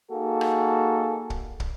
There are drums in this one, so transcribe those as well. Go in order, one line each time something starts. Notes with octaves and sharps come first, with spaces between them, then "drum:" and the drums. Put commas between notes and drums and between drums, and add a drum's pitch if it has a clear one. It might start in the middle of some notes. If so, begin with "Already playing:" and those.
A#3 D#4 F#4 G#4 A4
drum: rim click
drum: kick
drum: kick